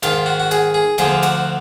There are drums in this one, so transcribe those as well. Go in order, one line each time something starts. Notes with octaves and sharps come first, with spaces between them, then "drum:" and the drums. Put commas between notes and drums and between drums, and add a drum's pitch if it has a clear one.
G#2 D#3 F4, drum: hi-hat
F#4
F#4
G#4, drum: hi-hat
G#4
D2 D3 F3 G#4, drum: hi-hat
F#4, drum: hi-hat